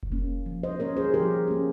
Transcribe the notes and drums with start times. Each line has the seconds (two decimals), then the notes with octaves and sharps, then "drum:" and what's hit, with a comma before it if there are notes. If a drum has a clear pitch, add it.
0.03 drum: kick F1
0.12 A#3 C#4
0.46 F3
0.63 C5 D#5
0.80 A#3 C#4 A#4 C#5
0.97 G#4 C5
1.14 F3 G4 A#4
1.48 A#3 C#4